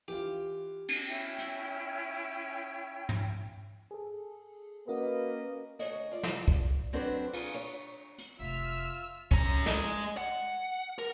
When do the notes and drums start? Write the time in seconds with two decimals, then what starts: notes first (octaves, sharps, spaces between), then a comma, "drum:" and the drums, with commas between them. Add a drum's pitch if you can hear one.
0.08 E3 F4 G4
0.88 drum: cymbal
1.07 C#4 E4 C#5 G5, drum: tambourine
1.38 drum: hi-hat
3.09 drum: tom
3.91 G#4 A4
4.88 A#3 C#4 F#4 A#4 B4 D#5
5.79 D2 G#2 C#5 D#5, drum: hi-hat
6.12 F4 D5
6.23 drum: snare
6.48 drum: kick
6.93 F#3 C4 D4 A4 B4 C5
7.33 F4 G#4, drum: cymbal
7.54 C#5
8.18 drum: hi-hat
8.39 F1 C3 F4 E5 E6 F6
9.31 C#4 A#5, drum: kick
9.66 G#3 D#5, drum: snare
10.17 F#5
10.99 A#4